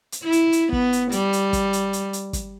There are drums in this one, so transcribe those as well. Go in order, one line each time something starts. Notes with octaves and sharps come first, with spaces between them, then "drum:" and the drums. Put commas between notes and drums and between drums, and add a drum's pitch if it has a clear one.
drum: hi-hat
E4
drum: hi-hat
drum: hi-hat
B3, drum: kick
drum: hi-hat
G3, drum: hi-hat
drum: hi-hat
drum: kick, hi-hat
drum: hi-hat
drum: hi-hat
drum: hi-hat
drum: kick, hi-hat